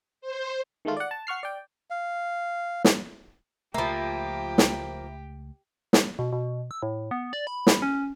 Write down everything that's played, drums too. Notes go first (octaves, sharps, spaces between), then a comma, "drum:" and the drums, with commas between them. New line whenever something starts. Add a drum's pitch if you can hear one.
C5
D#3 G#3 A3 F4
D5 F#5
A5
F#5 C#6 F6 C7
D5 G5
F5
drum: snare
C#2 F3 A3 A#3 G4 E5 B5
drum: snare
drum: snare
B2
B2
E6
A2
B3
D5
B5
drum: snare
C#4